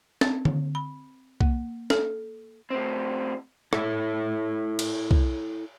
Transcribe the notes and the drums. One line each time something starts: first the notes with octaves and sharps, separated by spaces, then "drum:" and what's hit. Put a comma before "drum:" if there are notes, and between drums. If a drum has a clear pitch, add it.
C4, drum: snare
drum: tom D3
B5
A#3, drum: kick
A4, drum: snare
A2 C4
E4 A4 C#5 E5, drum: rim click
drum: cymbal
drum: kick